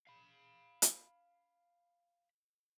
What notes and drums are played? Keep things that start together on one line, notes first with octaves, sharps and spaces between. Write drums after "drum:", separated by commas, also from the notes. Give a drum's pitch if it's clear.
F5 B5
drum: hi-hat